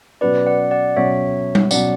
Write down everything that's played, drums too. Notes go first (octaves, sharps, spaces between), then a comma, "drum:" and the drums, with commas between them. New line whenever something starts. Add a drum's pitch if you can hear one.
B2 F#3 C#4 F#4 B4 D5
D5 F#5
D5 F#5
B2 F#3 C#4 F#4 C#5 E5
drum: tom G3
B2 F#3 C#4 F#4 D5 F#5, drum: tambourine